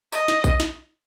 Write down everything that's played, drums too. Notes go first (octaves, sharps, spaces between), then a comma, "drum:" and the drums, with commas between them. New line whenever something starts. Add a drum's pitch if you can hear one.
D#5, drum: tambourine
drum: snare
drum: kick A#1, tambourine
drum: snare